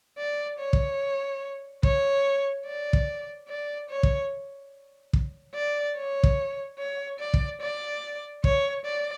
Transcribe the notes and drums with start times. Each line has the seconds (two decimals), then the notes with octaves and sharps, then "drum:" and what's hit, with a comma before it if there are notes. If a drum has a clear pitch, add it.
0.18 D5
0.59 C#5
0.73 drum: kick
1.83 C#5, drum: kick
2.66 D5
2.93 drum: kick
3.48 D5
3.89 C#5
4.03 drum: kick
5.13 drum: kick
5.55 D5
5.96 C#5
6.24 drum: kick
6.78 C#5
7.19 D5
7.34 drum: kick
7.61 D5
8.44 C#5, drum: kick
8.85 D5